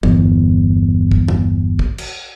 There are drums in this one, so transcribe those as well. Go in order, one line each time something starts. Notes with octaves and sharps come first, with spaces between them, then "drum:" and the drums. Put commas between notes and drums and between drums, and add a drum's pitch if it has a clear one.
G1 E2, drum: tom
drum: kick
drum: tom E2
drum: kick
drum: cymbal